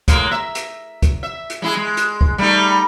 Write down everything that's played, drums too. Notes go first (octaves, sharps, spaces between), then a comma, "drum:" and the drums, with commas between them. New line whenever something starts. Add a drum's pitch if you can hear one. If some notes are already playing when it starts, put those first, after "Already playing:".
A2 G#3 A#3, drum: kick, hi-hat
E5
drum: hi-hat
drum: kick, hi-hat
E5
drum: hi-hat
G#3 E4 G#4
G#3
drum: hi-hat
drum: kick
G3 A3 D#4